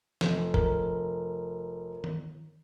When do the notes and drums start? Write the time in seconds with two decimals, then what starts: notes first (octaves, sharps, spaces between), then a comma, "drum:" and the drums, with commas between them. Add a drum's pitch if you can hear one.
0.21 F1, drum: snare
0.54 A#4, drum: kick
2.04 drum: tom D#3